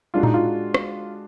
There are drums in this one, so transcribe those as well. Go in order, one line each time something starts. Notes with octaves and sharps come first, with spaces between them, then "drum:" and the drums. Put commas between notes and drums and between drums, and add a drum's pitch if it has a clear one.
G#3 D4 F4 F#4
D#4, drum: tom A2
F4
drum: rim click